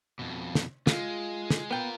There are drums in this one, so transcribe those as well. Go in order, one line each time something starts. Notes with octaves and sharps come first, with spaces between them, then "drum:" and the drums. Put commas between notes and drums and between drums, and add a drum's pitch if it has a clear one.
F2 B2
drum: snare
G#3 F4, drum: snare
drum: snare
B3 F4 A#4 G5